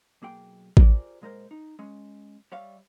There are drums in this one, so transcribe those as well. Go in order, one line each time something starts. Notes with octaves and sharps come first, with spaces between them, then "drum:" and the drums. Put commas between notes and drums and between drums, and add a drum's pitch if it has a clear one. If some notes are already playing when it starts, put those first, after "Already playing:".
B1 A#3 G#4 G5
F4 G4 G#4 A#4 C5 D5, drum: kick A1
A#2 G#3 A#4 C5
D#4
G#3 C#4
G3 C#5 E5 F5